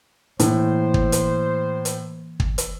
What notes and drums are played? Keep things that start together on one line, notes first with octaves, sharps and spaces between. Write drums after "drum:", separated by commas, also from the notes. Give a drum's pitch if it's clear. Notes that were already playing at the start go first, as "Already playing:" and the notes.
A2 E3 A#3 C5, drum: hi-hat
drum: kick
drum: hi-hat
drum: hi-hat
drum: kick
drum: hi-hat